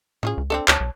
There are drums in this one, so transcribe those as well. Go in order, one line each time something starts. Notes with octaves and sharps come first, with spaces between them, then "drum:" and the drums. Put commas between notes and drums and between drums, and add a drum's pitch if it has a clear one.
A2 C#4 F4 G#4
C#2
C4 D4 A4
D2 C#5 A5, drum: clap
B1